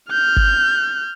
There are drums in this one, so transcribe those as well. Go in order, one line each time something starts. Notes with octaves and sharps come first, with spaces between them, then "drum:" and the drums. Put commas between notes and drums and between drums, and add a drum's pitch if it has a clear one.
F6 G6
drum: kick G1